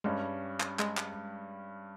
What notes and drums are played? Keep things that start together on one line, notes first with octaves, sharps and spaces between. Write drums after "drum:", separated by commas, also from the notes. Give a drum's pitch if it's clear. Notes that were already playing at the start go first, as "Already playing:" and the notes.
G2 G3 G#3 C#4
drum: clap
G#3, drum: clap
drum: clap